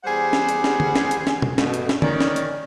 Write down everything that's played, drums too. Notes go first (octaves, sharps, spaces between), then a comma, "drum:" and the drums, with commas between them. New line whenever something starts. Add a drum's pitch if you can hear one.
E2 G3 G4 G#4 C5 F#5
drum: snare
drum: hi-hat
drum: snare
drum: tom D3
drum: snare
drum: hi-hat
drum: snare
drum: tom
G2 B2 A3, drum: snare
drum: hi-hat
drum: snare
D#3 C#4 D5, drum: tom D3
drum: snare
drum: hi-hat